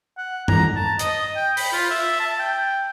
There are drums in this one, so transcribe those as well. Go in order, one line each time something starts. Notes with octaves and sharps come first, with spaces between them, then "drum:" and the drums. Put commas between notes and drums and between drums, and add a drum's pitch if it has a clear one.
F#5
A#5, drum: tom
A5
D#5, drum: hi-hat
G5
B5, drum: open hi-hat
F4
E5
A5
G5